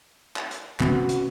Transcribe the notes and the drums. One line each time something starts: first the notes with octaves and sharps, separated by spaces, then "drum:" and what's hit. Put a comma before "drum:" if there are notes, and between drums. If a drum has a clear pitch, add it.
drum: clap
drum: hi-hat
C3 B3 C#4 F#4, drum: clap
drum: hi-hat